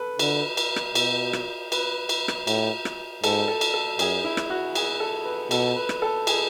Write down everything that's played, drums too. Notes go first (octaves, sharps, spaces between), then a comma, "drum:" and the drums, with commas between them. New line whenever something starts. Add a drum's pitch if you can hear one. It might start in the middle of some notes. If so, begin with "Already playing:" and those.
Already playing: A4 B4
D3, drum: cymbal
drum: cymbal
drum: rim click
B2, drum: cymbal
drum: rim click
B4, drum: cymbal
drum: cymbal
drum: rim click
A2, drum: cymbal
drum: rim click
G#2 A4, drum: cymbal
A4
drum: cymbal
A4
F#2 G#4, drum: cymbal
E4
drum: rim click
F#4
G#4, drum: cymbal
A4
B4
B2 A4, drum: cymbal
B4
drum: rim click
A4
G#4, drum: cymbal